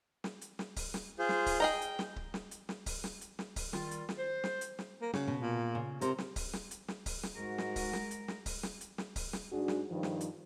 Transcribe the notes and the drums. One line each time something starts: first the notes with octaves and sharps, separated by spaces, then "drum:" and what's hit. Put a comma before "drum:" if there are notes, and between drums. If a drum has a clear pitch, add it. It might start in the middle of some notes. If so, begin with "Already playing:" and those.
drum: snare
drum: hi-hat
drum: snare
drum: kick C#1, open hi-hat
drum: snare
F4 G#4 C5
drum: snare
drum: kick C#1, open hi-hat
G#4 D#5 G5 A#5
drum: hi-hat
drum: snare
drum: kick C#1
drum: snare
drum: hi-hat
drum: snare
drum: kick C#1, open hi-hat
drum: snare
drum: hi-hat
drum: snare
drum: kick C#1, open hi-hat
D#3 G3 F4, drum: snare
drum: hi-hat
drum: snare
C5
drum: snare
drum: hi-hat
drum: snare
A#3
C#3 F#4, drum: snare
B2
A#2
C#3
C3 A#4 C5, drum: hi-hat
drum: snare
drum: kick C#1, open hi-hat
drum: snare
drum: hi-hat
drum: snare
drum: kick C#1, open hi-hat
drum: snare
G#2 G#3 F#4 A#4
drum: snare
drum: kick C#1, open hi-hat
drum: snare
drum: hi-hat
drum: snare
drum: kick C#1, open hi-hat
drum: snare
drum: hi-hat
drum: snare
drum: kick C#1, open hi-hat
drum: snare
G#2 D4 F#4 G#4
drum: snare
G2 D#3 F3
drum: snare
drum: hi-hat